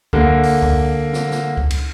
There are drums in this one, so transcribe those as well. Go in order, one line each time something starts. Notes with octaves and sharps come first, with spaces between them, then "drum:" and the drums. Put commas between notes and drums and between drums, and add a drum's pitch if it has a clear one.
D3 A#3, drum: kick C#2
drum: open hi-hat
drum: kick C#2
drum: snare
drum: snare
drum: kick C#2
drum: cymbal